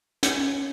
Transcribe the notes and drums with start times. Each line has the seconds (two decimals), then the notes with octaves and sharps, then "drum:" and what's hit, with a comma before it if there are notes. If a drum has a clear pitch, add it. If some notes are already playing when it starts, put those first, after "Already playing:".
0.23 C#4, drum: hi-hat